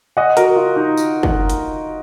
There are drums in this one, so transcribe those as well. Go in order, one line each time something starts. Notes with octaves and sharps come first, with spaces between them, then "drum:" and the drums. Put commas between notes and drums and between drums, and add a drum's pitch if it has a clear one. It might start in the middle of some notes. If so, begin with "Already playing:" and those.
D#5 F#5
F#4 A#4, drum: hi-hat
F4
D#4
drum: tambourine
drum: kick
drum: hi-hat